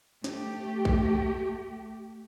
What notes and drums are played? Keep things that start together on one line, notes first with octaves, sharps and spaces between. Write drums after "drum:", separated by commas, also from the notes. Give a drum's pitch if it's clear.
A3 G4, drum: snare
drum: kick A#1